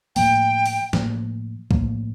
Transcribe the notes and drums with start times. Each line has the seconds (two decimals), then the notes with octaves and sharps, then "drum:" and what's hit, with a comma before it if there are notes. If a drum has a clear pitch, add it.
0.16 A2 F3 A#3 G5, drum: open hi-hat
0.66 drum: open hi-hat
0.93 A2 F3 A#3, drum: snare
1.71 A2 F3 A#3, drum: kick B1